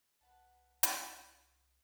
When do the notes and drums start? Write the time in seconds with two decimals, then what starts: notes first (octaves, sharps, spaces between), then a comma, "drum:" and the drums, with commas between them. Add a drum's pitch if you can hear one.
0.21 C2 B4 F#5 A5
0.83 drum: hi-hat